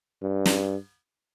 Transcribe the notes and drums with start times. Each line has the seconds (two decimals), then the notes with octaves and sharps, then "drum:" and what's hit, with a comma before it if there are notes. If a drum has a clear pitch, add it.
0.22 G2
0.46 drum: snare